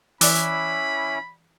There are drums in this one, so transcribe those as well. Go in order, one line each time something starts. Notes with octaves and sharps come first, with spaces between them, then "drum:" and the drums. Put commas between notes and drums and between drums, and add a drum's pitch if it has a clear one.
E3 C#4 E4 D5 B5 D6 E6 F#6, drum: open hi-hat